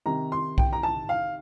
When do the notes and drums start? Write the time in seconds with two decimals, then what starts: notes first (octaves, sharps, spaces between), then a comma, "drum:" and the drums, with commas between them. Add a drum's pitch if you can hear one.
0.06 C3 D#3 A#5
0.32 C6
0.58 G5, drum: kick B1
0.73 A#5
0.83 A5
1.09 F5